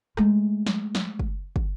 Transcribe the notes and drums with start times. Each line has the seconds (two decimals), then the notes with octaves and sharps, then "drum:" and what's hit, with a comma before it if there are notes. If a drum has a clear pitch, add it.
0.17 G#3 A3, drum: rim click
0.66 drum: snare
0.95 drum: snare
1.19 drum: kick
1.56 drum: kick